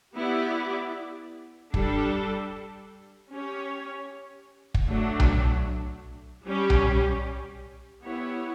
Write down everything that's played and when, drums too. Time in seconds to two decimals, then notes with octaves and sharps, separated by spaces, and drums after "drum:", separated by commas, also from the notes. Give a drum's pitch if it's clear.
0.16 B3 E4 G4 D5
1.74 G3 D4 A4, drum: kick
3.31 C#4 G4 C#5
4.74 drum: kick
4.88 F#3 A3 D4
5.20 drum: tom B1
6.46 G3 C#4 G4
6.70 drum: tom B1
8.03 B3 E4 G4 C#5